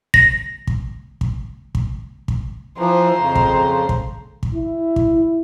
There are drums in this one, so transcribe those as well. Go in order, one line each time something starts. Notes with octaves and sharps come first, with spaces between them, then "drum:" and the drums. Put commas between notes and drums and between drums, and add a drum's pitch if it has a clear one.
A#6, drum: kick
drum: kick
drum: kick
drum: kick
drum: kick
E3 F3 C5 A#5
F2 C#3
drum: kick
drum: kick
drum: kick
E4
drum: kick